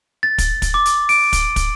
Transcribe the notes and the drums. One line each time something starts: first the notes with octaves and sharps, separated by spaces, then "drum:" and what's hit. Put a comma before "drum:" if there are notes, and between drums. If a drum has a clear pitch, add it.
A6
drum: kick, hi-hat
drum: kick, hi-hat
D6
drum: hi-hat
D7, drum: open hi-hat
drum: kick, hi-hat
drum: kick, hi-hat